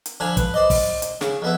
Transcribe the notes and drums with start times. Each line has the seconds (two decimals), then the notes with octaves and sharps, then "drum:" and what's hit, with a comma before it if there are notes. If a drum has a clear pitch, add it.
0.06 drum: hi-hat
0.20 D3 F3 G#5 B5
0.37 B4, drum: kick, hi-hat
0.54 C5 D5 D#5
0.70 drum: kick, open hi-hat
1.02 drum: hi-hat
1.21 C#3, drum: snare
1.42 F2 B3 E4